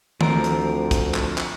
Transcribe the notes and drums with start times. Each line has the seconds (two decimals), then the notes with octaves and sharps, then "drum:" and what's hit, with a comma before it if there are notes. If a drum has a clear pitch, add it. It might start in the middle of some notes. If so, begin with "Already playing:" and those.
0.21 D2 F3 C4 A#4, drum: tom
0.44 drum: hi-hat
0.91 drum: kick, hi-hat
1.15 drum: clap
1.38 drum: clap